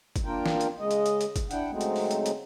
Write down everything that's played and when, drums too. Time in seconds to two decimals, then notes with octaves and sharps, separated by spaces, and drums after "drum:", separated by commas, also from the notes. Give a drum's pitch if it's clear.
0.16 drum: kick, hi-hat
0.25 A#3 D4 F4 A#4 G5
0.46 drum: snare
0.61 drum: hi-hat
0.79 C#3 G#3 D#5
0.91 drum: hi-hat
1.06 drum: hi-hat
1.21 drum: hi-hat
1.36 drum: kick, hi-hat
1.51 D4 E4 F#5 G5, drum: hi-hat
1.71 C#3 F#3 G#3 A3 C4 D#4
1.81 drum: hi-hat
1.96 drum: open hi-hat
2.11 drum: hi-hat
2.26 drum: hi-hat